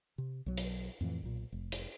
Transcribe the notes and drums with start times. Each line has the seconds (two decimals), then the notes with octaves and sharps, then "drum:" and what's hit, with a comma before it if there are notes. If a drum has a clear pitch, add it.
0.18 C3
0.46 B1 F#3
0.58 drum: hi-hat
1.01 F2 A2 D3 E3
1.23 B1 A#2
1.52 F1
1.72 drum: hi-hat